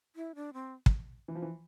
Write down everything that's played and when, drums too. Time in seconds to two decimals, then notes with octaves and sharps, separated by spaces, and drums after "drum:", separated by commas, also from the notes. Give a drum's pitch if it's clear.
0.16 E4
0.35 D4
0.54 C4
0.86 drum: kick
1.28 E3
1.35 F3
1.42 E3